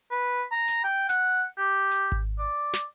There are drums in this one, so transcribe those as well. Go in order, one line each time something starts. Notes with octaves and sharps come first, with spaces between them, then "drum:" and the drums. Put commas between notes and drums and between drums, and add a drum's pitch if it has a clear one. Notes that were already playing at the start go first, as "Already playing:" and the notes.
B4
A#5
drum: hi-hat
G5
F#5, drum: hi-hat
G4
drum: hi-hat
drum: kick G#1
D5
drum: snare